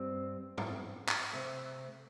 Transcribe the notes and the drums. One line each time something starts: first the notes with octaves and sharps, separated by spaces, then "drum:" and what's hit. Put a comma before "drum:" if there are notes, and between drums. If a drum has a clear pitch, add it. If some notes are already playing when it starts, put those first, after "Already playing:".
Already playing: G2 G3 C4
drum: tom
drum: clap
C3 A3 C4